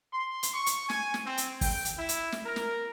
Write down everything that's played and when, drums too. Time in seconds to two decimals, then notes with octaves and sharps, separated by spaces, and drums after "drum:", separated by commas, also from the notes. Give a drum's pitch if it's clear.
0.12 C6
0.43 drum: hi-hat
0.53 C#6
0.66 drum: hi-hat
0.89 G#5, drum: snare
1.14 drum: snare
1.25 C4
1.38 drum: hi-hat
1.61 G5, drum: kick, open hi-hat
1.85 drum: hi-hat
1.98 E4
2.09 drum: hi-hat
2.32 drum: snare
2.46 A#4
2.56 drum: snare